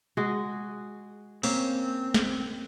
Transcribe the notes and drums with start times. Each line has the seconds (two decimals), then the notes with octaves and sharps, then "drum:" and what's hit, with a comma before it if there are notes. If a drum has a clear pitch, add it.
0.17 G#3 F#4 G#4
1.43 A#3 C4 C#4, drum: open hi-hat
2.14 drum: snare